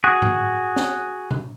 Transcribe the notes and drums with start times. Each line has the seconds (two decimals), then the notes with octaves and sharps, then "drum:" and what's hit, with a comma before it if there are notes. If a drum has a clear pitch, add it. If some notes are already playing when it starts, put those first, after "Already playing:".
0.04 F#4 G#4
0.22 drum: tom G2
0.76 drum: snare
1.31 drum: tom B2